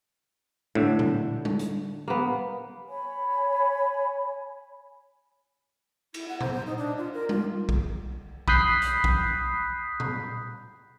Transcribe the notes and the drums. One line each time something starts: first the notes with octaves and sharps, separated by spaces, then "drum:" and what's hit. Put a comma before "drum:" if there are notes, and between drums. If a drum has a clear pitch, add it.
A2 D3 E5
drum: tom A#2
drum: tom G3
drum: hi-hat
A#3 B3
C#5 G#5 B5
E4, drum: cymbal
F#5
C5, drum: tom A#2
C5
D#4
D4
F4
A#4
F4, drum: tom G3
drum: kick
B5 D#6 F#6 G6 B6 C7, drum: kick
drum: hi-hat
drum: kick
drum: tom A#2